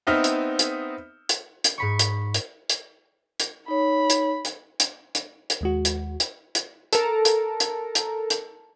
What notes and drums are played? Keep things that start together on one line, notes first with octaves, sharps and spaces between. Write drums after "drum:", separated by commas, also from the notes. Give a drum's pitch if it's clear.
B3 C4 D#4 E5 F6
drum: hi-hat
drum: hi-hat
drum: hi-hat
drum: hi-hat
G#2 B5 C#6
drum: hi-hat
drum: hi-hat
drum: hi-hat
drum: hi-hat
D#4 C#5 B5
drum: hi-hat
drum: hi-hat
drum: hi-hat
drum: hi-hat
drum: hi-hat
D#2 G#3 F#4
drum: hi-hat
drum: hi-hat
drum: hi-hat
A4 A#4, drum: hi-hat
drum: hi-hat
drum: hi-hat
drum: hi-hat
drum: hi-hat